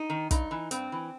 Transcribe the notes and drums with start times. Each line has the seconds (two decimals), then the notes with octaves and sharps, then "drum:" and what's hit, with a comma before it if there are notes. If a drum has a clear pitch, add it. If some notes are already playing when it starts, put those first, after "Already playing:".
Already playing: D#4
0.10 D#3
0.31 G2 D#4, drum: kick, hi-hat
0.51 E3
0.71 G2 C4, drum: hi-hat
0.92 E3